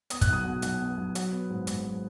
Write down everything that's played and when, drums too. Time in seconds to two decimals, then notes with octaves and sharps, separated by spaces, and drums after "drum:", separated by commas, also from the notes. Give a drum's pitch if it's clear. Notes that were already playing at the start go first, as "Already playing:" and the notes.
0.10 B3 D#6, drum: hi-hat
0.21 F#6, drum: kick, hi-hat
0.28 B1 D#6
0.45 B2
0.62 B1, drum: hi-hat
0.80 B3
0.97 B1
1.15 F#3, drum: hi-hat
1.32 B3
1.50 G#2
1.67 G#1, drum: hi-hat
1.84 F#3